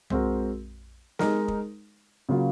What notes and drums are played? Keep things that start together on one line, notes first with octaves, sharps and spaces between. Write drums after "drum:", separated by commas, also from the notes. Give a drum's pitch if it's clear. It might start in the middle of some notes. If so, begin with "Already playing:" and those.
G#3 C4 F#4 A#4, drum: tom
G#3 D#4 A#4, drum: snare
drum: kick
C#3 F#3 A#3 F4